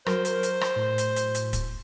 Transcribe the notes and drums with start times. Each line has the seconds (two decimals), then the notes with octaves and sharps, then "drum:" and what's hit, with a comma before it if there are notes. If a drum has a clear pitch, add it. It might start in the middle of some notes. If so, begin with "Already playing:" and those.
0.06 F#3 A#4 C5, drum: rim click
0.25 drum: hi-hat
0.43 drum: hi-hat
0.61 drum: rim click
0.76 A2
0.98 drum: hi-hat
1.16 drum: hi-hat
1.35 drum: hi-hat
1.53 drum: kick, hi-hat